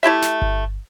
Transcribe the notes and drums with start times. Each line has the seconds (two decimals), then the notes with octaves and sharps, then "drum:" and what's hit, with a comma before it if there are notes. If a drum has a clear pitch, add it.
0.03 A3 E4 G4 E5
0.22 drum: snare
0.42 drum: kick G1